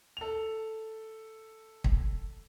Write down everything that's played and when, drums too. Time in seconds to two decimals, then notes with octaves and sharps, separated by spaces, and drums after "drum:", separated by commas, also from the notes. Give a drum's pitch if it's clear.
0.17 A4 F7
1.84 drum: kick